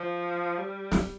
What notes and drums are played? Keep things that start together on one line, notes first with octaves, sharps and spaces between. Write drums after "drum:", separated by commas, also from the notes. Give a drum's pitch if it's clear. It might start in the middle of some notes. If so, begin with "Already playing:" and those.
Already playing: F3
G3
drum: snare